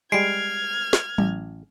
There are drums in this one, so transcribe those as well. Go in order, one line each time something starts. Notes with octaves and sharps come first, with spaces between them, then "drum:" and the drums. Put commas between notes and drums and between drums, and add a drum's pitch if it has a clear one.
G3 G#3 F6 G#6 C7 D7
drum: snare
A1, drum: tom F#3